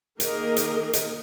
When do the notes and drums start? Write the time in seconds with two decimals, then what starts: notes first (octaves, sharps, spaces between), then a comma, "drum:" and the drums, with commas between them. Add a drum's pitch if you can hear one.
0.20 D#3 A#3 G#4 A#4 D#5, drum: hi-hat
0.57 drum: hi-hat
0.93 drum: hi-hat